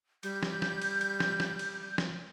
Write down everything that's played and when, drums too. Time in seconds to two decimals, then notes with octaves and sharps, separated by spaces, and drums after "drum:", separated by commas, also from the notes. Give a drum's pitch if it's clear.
0.23 G3 G6, drum: cymbal
0.43 drum: snare
0.62 drum: snare
0.82 drum: cymbal
1.01 drum: cymbal
1.20 drum: snare
1.40 drum: snare
1.59 drum: cymbal
1.98 drum: snare